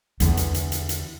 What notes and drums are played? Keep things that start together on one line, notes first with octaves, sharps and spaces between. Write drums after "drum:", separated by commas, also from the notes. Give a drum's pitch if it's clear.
E2 D3, drum: hi-hat
drum: hi-hat
drum: hi-hat
drum: hi-hat
drum: hi-hat